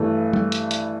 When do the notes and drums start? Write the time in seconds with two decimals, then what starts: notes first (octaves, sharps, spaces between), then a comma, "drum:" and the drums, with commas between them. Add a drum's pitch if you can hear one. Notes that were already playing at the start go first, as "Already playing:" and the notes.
Already playing: G2 E3 A3
0.33 drum: tom G3
0.52 drum: hi-hat
0.71 drum: hi-hat